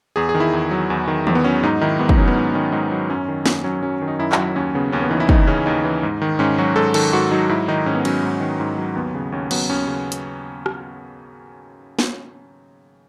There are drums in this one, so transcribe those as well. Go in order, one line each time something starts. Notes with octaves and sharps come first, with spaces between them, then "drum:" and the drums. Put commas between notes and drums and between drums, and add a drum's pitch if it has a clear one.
E2 G#4
G#4
D#3
E4
E2
F#3
E2
D#3
E2, drum: tom D#3
B3
F#3 C#4
G#2 D#4
D#3 E4
G#2 B3
D#4, drum: kick
F#3 C#4
B3
G#2
D#3 C#4
G#2 D#4
F#3
F#2 C#4
D#3
F#2, drum: snare
F#3 C#4
F#2 C#4
D#3
D#4
F#2 E4
F#4, drum: clap
F#3
D#2 C#4
C#3 B3
D#2 C#4
B3
E3 D#4
E4
D#2 D#4, drum: kick
C#3 C#4
D#2 D#4
E3
G#2
D#3
G#2 C#4
F#3 F#4
G#2 A4
D#3 A4, drum: cymbal
G#2 F#4
F#3 D#4
G#2 E4
D#3 D#4
G#2 C#4
B3
F#3 C#4, drum: cymbal
G#2
D#3
G#2
F#3
D#2 B3
C#3
D#2 C#4
F#3 B3, drum: cymbal
D#2 C#4
C#3
drum: hi-hat
drum: rim click
drum: snare